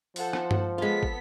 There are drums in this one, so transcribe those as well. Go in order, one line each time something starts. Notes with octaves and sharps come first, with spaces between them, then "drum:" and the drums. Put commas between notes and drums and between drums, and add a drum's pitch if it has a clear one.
F3 A4 C5 F#5, drum: open hi-hat
drum: rim click
drum: tom G2
G#3 B3 F4 A4 B6
drum: kick